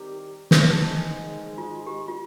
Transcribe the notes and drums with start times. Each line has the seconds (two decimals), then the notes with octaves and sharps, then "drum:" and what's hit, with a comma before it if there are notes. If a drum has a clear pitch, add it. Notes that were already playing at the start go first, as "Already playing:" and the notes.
Already playing: D#3 G3 C4 G4 A#4
0.51 drum: snare
0.71 G#2 D#3 G#3 D#4
1.58 F4
1.87 G4
2.08 F4